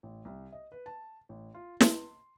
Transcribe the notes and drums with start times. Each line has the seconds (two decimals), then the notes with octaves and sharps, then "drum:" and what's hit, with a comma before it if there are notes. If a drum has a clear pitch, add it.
0.03 A1
0.25 C2
0.52 D#5
0.72 B4
0.86 A5
1.29 A1
1.54 F4
1.80 C6, drum: snare